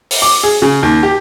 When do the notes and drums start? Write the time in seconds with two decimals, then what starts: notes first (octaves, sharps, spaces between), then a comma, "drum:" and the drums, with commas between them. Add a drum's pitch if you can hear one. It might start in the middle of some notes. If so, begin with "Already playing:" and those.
0.11 drum: open hi-hat
0.22 D6
0.43 G#4
0.62 C#3
0.83 D#2
1.03 G4